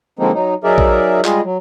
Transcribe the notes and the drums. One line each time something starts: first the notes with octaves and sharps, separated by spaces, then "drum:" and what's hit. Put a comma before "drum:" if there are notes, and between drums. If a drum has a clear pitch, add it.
D3 F3 G#3 A#3 C4 D#4
F#3 D#4
F#3 D#4 G#4 A#4 D5 E5
drum: kick
G3 G#3 F4 G#4 D#5, drum: clap
F#3